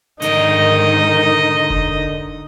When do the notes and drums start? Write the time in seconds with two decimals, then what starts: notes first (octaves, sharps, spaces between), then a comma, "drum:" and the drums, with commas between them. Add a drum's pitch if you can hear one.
0.22 G#2 D3 D#3 D#4 A#4 D#5, drum: hi-hat
1.70 drum: kick F1